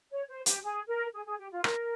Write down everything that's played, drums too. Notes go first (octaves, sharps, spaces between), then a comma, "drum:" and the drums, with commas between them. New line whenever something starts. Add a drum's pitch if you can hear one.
C#5
C5
G4, drum: hi-hat
G#4
A#4
G#4
G#4
G4
F4
A#4, drum: rim click